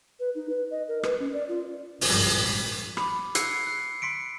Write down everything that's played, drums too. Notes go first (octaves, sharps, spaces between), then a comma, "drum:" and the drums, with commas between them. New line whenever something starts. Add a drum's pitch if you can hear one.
B4
D#4
B4
D#5
A#4
B4, drum: rim click
C#4
D5
F4
G#1 C#2 G2 A#2 F3 G3, drum: open hi-hat
B5 D6, drum: rim click
E6 F#6 C7 C#7, drum: hi-hat
F#6
C6 B6 C#7 D7